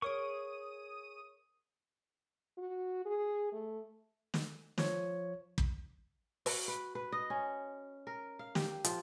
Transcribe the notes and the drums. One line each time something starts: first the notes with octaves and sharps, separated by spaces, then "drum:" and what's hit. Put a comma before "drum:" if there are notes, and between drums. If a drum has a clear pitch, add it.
G#4 A#4 C#5 C#6 D#6 D7 D#7
F#4
G#4
A3
drum: snare
F3 C#5, drum: snare
drum: kick
F#4, drum: open hi-hat
B4
B4
D#5
C#4
A#4
F5
G4, drum: snare
F3, drum: hi-hat